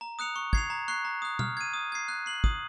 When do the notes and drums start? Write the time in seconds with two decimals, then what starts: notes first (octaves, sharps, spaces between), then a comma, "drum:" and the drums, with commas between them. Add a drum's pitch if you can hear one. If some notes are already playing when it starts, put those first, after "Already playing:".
0.01 A#5
0.19 D#6 F#6 C#7 F7
0.36 C#6
0.53 G#6 C7 F7, drum: kick
0.70 A#5
0.88 C#6 F#6 C7
1.05 A#5
1.22 D#6 F#6
1.39 F6, drum: tom B2
1.57 G#6 D#7
1.74 D#6
1.92 G#6 C7
2.08 F#6
2.26 C7 F#7
2.44 D#6, drum: kick